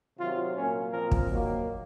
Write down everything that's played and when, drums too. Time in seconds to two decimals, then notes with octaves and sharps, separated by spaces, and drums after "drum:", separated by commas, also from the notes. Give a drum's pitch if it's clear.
0.18 C3 D#3 F#3 F4
0.55 A#2 F#3 A#3 C#4
0.92 A#2 F3 C4 A#4
1.11 drum: kick
1.29 D#3 F#3 A#3